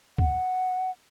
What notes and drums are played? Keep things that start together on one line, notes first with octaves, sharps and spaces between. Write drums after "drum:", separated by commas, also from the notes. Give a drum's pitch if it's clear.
F#5, drum: kick C#2